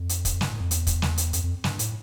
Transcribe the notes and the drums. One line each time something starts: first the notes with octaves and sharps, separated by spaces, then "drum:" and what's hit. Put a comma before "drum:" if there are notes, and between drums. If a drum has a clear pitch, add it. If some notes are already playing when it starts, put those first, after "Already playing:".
Already playing: F2
drum: hi-hat
drum: kick, hi-hat
G2, drum: snare
A2
F2
E2, drum: hi-hat
drum: kick, hi-hat
drum: snare
drum: hi-hat
F2, drum: hi-hat
F2
G2, drum: snare
A2, drum: hi-hat